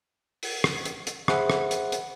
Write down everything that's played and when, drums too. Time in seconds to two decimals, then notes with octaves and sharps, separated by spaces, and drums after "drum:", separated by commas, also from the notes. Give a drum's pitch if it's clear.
0.43 drum: open hi-hat
0.64 drum: rim click
0.85 drum: hi-hat
1.07 drum: hi-hat
1.28 G#4 C5 E5 F#5 B5, drum: rim click
1.50 drum: rim click
1.71 drum: hi-hat
1.92 drum: hi-hat